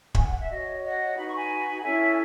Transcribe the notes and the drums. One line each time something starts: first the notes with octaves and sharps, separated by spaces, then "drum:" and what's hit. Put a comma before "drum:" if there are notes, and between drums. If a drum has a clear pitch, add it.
G#5, drum: kick
F#5
E5
F#4 C#5 D#5
D#5 F#5
D#4 F#4 B4 B5
C#6
G#5 B5
C#4 E4 A4 C#5 E5 G#5